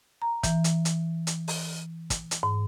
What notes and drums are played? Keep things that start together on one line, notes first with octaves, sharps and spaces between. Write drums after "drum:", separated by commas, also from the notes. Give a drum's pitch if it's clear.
A#5
E3, drum: kick, hi-hat
drum: hi-hat
drum: hi-hat
drum: hi-hat
drum: open hi-hat
drum: kick, hi-hat
drum: hi-hat
G#2